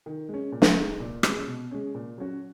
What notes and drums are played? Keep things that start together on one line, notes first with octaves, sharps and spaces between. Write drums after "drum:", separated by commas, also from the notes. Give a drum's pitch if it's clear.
D#3
G#3 C#4
A#2
drum: snare
G#3 D#4
A#2
G#3 C#4, drum: rim click
B2
G#3 C#4
A#2
F#3 C#4 F#4